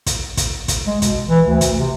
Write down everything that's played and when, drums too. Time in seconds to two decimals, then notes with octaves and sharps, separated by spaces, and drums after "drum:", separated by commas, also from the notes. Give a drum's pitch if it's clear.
0.06 drum: kick, hi-hat
0.37 drum: kick, hi-hat
0.68 drum: kick, hi-hat
0.87 G#3
1.02 B2, drum: kick, hi-hat
1.26 E3
1.45 D2
1.61 drum: kick, hi-hat
1.78 C3